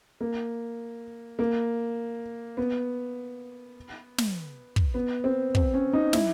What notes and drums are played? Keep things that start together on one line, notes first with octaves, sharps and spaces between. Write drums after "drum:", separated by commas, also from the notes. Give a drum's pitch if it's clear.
A#3
A#3
B3
drum: snare
drum: kick
B3
C4
C4, drum: kick
C#4
D#4
E4, drum: snare